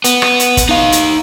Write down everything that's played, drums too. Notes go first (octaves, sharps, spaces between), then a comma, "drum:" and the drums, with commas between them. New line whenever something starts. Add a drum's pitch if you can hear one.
B3, drum: hi-hat
drum: rim click
drum: hi-hat
drum: kick, hi-hat
D#4 F5
drum: hi-hat